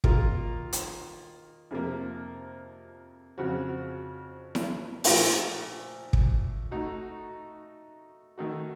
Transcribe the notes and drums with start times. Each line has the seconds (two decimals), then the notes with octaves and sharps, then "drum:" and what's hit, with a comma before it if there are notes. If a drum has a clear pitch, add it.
0.04 D#3 A#3 F4 A#4, drum: kick
0.73 drum: hi-hat
1.71 F2 C3 F3 A#3
3.38 F2 C#3 F#3 C4 F#4
4.55 drum: snare E4
5.04 A#2 F3 A3, drum: open hi-hat
6.13 drum: kick
6.71 A3 D#4 F#4
8.38 D#3 A3 D#4 F#4